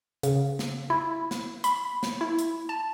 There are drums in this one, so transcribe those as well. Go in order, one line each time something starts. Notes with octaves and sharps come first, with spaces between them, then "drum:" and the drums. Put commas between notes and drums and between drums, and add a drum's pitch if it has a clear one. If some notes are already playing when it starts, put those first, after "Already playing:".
C#3, drum: hi-hat
drum: snare
E4
drum: snare
B5, drum: hi-hat
drum: snare
E4
drum: hi-hat
A5